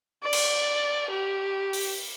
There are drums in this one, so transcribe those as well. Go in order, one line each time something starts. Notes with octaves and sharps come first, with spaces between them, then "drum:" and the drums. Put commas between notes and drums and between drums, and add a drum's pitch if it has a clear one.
D5
drum: cymbal
G4
drum: open hi-hat